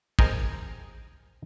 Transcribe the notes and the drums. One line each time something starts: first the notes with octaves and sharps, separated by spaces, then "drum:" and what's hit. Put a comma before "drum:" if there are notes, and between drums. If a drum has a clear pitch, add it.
G#4 A#4 C5 D#5 G5 A#5, drum: kick